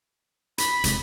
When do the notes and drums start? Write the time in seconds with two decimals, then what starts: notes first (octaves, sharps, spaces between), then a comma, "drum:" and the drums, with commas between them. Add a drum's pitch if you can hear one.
0.58 B5, drum: hi-hat
0.84 E1 C3 G#3, drum: hi-hat